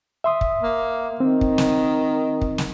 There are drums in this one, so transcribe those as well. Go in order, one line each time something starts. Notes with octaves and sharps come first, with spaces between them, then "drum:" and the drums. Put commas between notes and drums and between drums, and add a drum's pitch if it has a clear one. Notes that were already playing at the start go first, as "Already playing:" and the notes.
E5 C6 D#6
drum: kick
A#3
D#3 C4
drum: kick
drum: snare
drum: kick
drum: snare